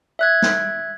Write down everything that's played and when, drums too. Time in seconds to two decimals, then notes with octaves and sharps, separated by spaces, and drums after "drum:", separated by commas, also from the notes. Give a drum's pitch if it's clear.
0.19 E5 F#6 G#6
0.42 drum: snare